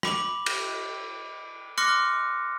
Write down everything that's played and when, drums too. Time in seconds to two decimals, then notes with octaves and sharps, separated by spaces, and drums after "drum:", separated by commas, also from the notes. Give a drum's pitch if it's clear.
0.03 B5 D6 F#7, drum: rim click
0.46 drum: cymbal
1.78 C6 D6 F6 F#6 A#6 C#7